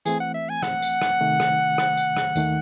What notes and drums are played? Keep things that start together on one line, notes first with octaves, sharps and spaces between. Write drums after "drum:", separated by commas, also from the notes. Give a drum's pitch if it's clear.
E3 A3 C4 G#4, drum: tambourine
F#5
E5
G#5
F#5, drum: rim click
drum: tambourine
drum: rim click
C3 D#3 A3
drum: rim click
drum: rim click
drum: tambourine
drum: rim click
D#2 D#3 A3, drum: tambourine